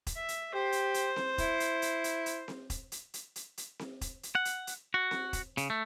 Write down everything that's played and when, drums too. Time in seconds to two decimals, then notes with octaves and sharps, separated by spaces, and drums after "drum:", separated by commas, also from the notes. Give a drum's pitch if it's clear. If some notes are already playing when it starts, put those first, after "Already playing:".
0.07 drum: kick E1, hi-hat
0.16 E5
0.28 drum: hi-hat
0.54 G4 C5
0.72 drum: hi-hat
0.94 drum: hi-hat
1.16 drum: snare C4
1.38 E4, drum: kick E1, hi-hat
1.60 drum: hi-hat
1.82 drum: hi-hat
2.04 drum: hi-hat
2.26 drum: hi-hat
2.48 drum: snare C4
2.70 drum: kick E1, hi-hat
2.92 drum: hi-hat
3.14 drum: hi-hat
3.36 drum: hi-hat
3.57 drum: hi-hat
3.79 drum: snare C4
4.01 drum: kick E1, hi-hat
4.23 drum: hi-hat
4.35 F#5
4.45 drum: hi-hat
4.67 drum: hi-hat
4.94 F#4
5.11 drum: snare C4
5.33 drum: kick E1, hi-hat
5.57 C#3, drum: hi-hat
5.70 A3